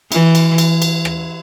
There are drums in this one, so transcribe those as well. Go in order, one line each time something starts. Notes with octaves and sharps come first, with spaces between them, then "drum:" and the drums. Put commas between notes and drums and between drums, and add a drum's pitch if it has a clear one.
E3, drum: cymbal
drum: cymbal
drum: cymbal
drum: cymbal
drum: rim click